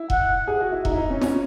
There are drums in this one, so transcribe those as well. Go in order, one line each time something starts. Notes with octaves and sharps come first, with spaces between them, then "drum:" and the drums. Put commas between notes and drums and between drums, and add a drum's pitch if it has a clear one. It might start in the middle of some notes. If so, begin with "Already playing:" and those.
Already playing: E4
F#5, drum: kick E1
G#4
F#4
E4
D#4, drum: kick E1
E4
D#4
C#4
C#4, drum: snare